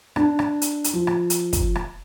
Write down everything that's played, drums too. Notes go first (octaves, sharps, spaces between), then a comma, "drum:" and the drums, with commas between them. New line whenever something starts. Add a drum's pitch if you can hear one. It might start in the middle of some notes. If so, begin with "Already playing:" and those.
D4, drum: rim click
drum: rim click
drum: hi-hat
drum: hi-hat
F3
drum: rim click
drum: hi-hat
drum: kick, hi-hat
drum: rim click